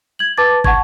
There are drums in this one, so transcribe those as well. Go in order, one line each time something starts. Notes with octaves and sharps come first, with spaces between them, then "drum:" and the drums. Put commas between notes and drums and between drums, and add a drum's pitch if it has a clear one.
G#6 F#7
B4 A5 D6 A6
F#5 A5 C#6 G#6, drum: kick